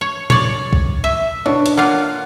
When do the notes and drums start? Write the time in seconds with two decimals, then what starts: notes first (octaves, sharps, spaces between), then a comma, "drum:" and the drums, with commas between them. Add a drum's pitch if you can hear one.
0.01 C#5
0.30 C#5 D5, drum: tom A#2
0.73 drum: kick
1.04 E5
1.46 B2 D4 C#5
1.66 drum: hi-hat
1.77 A#3 F4 F5 F#5